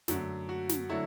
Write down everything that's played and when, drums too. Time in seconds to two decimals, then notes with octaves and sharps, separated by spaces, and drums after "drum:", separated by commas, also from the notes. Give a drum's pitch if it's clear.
0.08 F#2 D3 A3 F#4, drum: snare
0.49 F#4
0.69 drum: snare
0.89 D3 F#3 A3 E4